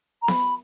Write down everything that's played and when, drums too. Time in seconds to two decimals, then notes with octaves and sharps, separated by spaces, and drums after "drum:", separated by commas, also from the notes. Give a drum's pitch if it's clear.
0.22 A#5
0.28 B5, drum: snare B3